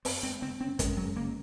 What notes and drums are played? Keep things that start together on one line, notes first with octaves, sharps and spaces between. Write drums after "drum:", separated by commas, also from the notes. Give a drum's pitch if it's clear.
F#2 C4, drum: open hi-hat
G#3 C4
C#3 C4
C4 C#4
F#2 G#3, drum: kick, hi-hat
F#3 G#3
C#3 A#3